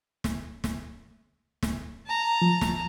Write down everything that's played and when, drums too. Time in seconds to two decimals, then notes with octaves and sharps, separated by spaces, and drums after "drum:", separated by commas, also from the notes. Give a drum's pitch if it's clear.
0.24 drum: snare
0.64 drum: snare
1.63 drum: snare
2.06 A5 A#5
2.42 F3
2.61 drum: snare